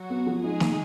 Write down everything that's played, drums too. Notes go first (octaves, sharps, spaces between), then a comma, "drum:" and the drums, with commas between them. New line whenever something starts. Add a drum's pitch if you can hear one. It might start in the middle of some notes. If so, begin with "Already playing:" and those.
Already playing: F#3 F#4
B3
F3
G#3 D#4 G#4
D#4, drum: snare